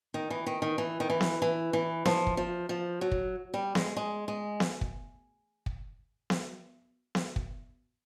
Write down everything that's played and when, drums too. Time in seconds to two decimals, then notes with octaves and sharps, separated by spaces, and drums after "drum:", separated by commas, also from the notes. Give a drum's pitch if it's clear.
0.14 D#3
0.30 E3
0.46 D#3
0.62 D#3
0.78 E3
1.00 D#3
1.10 E3
1.21 drum: snare B3
1.42 E3
1.73 E3
2.05 F3, drum: snare B3
2.27 drum: kick
2.37 F3
2.69 F3
3.01 F#3
3.12 drum: kick
3.54 G3
3.75 G#3, drum: snare B3
3.97 G#3
4.28 G#3
4.60 drum: snare B3
4.81 drum: kick
5.66 drum: kick
6.30 drum: snare B3
7.15 drum: snare B3
7.36 drum: kick